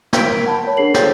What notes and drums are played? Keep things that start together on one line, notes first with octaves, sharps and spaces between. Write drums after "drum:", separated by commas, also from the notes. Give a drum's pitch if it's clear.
A#4 G5 G6 G#6 B6 D7, drum: snare
F#5 A5 B5
A#4 C#5
D4 G#4 C7 F#7
A4 C5 C#5 G5 G6 A6, drum: snare